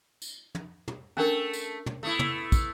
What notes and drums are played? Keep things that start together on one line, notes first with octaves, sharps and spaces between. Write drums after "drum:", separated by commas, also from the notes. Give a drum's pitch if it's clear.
drum: tambourine
drum: tom
drum: tom
A3 C#4 D4 A4 A#4
drum: tambourine
drum: tom
A3 B3 E4
drum: tom
drum: kick, tambourine